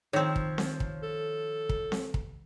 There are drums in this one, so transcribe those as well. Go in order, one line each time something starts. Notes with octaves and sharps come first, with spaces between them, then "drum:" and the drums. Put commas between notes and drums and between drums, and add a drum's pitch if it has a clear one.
D#3 F3 C4 C#5
drum: kick
drum: snare C4
drum: kick
A4
drum: kick
drum: snare C4
drum: kick